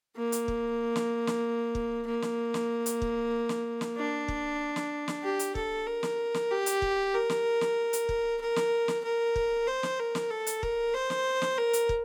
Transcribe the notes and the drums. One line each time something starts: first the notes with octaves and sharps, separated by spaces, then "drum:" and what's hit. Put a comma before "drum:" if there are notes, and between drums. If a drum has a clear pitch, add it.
A#3
drum: hi-hat
drum: kick
drum: snare
drum: snare
drum: kick
A#3
drum: snare
drum: snare
drum: hi-hat
drum: kick
drum: snare
drum: snare
D4
drum: kick
drum: snare
drum: snare
G4
drum: hi-hat
A4, drum: kick
A#4
drum: snare
drum: snare
G4
drum: hi-hat
drum: kick
A#4
drum: snare
drum: snare
drum: hi-hat
drum: kick
A#4
drum: snare
drum: snare
A#4
drum: kick
C5
drum: snare
A#4
drum: snare
A4
drum: hi-hat
A#4, drum: kick
C5
drum: snare
drum: snare
A#4
drum: hi-hat
drum: kick